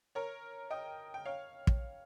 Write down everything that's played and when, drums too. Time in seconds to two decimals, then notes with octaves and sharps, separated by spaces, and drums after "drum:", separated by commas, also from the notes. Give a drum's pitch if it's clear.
0.15 A#4 C#5
0.70 D#5 G5
1.14 G5
1.25 C#5 F5
1.67 drum: kick